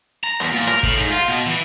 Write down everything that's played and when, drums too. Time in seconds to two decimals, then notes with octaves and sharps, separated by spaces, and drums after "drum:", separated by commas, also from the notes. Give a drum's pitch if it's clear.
0.24 A#5
0.40 E2, drum: rim click
0.53 A#2
0.67 A#4, drum: rim click
0.83 A2, drum: kick
0.97 G#2
1.09 F4
1.28 B2
1.46 E3